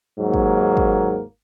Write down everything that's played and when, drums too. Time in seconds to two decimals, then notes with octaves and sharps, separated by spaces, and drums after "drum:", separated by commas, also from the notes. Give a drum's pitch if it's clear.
0.20 D#2 G#2 F#3 A#3
0.34 drum: kick
0.77 drum: kick